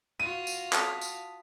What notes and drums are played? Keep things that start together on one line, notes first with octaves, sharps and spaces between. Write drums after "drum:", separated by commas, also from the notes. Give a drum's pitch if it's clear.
F4 F#4 D#7
drum: tambourine
A5 D#6 B6, drum: clap
drum: tambourine